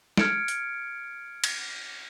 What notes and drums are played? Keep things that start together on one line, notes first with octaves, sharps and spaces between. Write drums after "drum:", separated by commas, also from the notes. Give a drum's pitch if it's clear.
F6 G#6 C#7 D7, drum: snare
drum: hi-hat
drum: cymbal